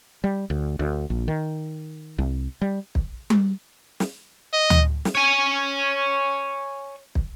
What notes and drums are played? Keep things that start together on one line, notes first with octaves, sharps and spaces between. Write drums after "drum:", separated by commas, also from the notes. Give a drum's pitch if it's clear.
G3
D2
D2
A#1
D#3
C2
G3
drum: kick
drum: tom G3
drum: snare
D#5
drum: tom D2
drum: snare
C#5 G#5
drum: kick